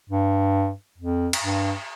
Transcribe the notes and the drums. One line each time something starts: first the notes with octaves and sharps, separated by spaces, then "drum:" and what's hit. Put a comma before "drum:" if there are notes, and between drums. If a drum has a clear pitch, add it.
G2
F2
drum: cymbal
G2